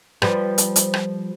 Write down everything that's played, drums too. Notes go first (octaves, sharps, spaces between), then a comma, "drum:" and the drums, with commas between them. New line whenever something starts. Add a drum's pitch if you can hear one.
F3 G3 B4, drum: rim click
drum: hi-hat
drum: hi-hat
drum: rim click